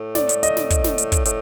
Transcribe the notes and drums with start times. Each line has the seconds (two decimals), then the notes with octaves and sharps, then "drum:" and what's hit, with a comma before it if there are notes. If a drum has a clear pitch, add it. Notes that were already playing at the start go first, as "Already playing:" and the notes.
Already playing: A2
0.15 D5, drum: snare
0.29 drum: hi-hat
0.43 D#5, drum: hi-hat
0.57 drum: snare
0.70 drum: kick, hi-hat
0.84 drum: snare
0.98 drum: hi-hat
1.12 drum: kick, hi-hat
1.25 A2, drum: hi-hat